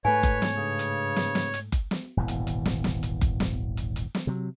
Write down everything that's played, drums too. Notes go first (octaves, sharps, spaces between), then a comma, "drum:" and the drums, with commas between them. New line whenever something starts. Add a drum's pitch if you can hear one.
G#2 A3 B4 C#5 G#5
drum: kick F#1, hi-hat
drum: snare
G2 C#3
drum: hi-hat
drum: snare
drum: snare
drum: hi-hat
drum: kick F#1, hi-hat
drum: snare
D#1 G#1 B2 E3
drum: hi-hat
drum: hi-hat
drum: snare
drum: snare
drum: hi-hat
drum: kick F#1, hi-hat
drum: snare
drum: hi-hat
drum: hi-hat
drum: snare
C3 F#3